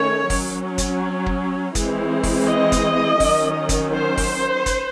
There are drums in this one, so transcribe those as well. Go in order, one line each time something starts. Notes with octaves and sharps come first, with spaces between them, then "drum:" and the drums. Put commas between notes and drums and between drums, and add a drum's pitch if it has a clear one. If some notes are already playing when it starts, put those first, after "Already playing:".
Already playing: D#3 A3 C#4 C#5
F#3 C#4, drum: kick, open hi-hat
drum: kick, hi-hat
drum: kick
E3 G#3 C4, drum: kick, hi-hat
drum: kick, open hi-hat
D#5
drum: kick, hi-hat
D#3 F#3 C#4, drum: kick, open hi-hat
drum: kick, hi-hat
C5
drum: kick, open hi-hat
drum: kick, hi-hat